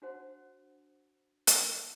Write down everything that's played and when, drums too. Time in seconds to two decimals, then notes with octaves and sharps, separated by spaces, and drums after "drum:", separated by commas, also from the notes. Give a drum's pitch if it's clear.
0.02 D4 F#4 C5 F#5
1.47 drum: hi-hat